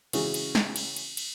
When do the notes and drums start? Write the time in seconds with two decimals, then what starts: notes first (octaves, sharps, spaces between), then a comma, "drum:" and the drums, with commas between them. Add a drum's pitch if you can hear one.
0.13 C#3 E3 G#3 C#4 F#4 G#4, drum: cymbal
0.34 drum: cymbal
0.55 drum: snare
0.76 drum: cymbal
0.96 drum: cymbal
1.17 drum: cymbal